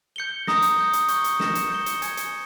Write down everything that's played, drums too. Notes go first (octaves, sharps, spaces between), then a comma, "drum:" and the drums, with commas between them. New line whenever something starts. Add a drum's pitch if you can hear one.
G6 C#7 G7
A#5 D#6 A#6, drum: snare
drum: hi-hat
D#6 G6 C#7 G7
drum: hi-hat
C#6 G6 C#7 G7, drum: hi-hat
drum: hi-hat
G6 A#6 C#7 E7, drum: snare
drum: hi-hat
G6 C#7 G7
drum: hi-hat
G#5 D#6 G#6 C#7 G7, drum: hi-hat
drum: hi-hat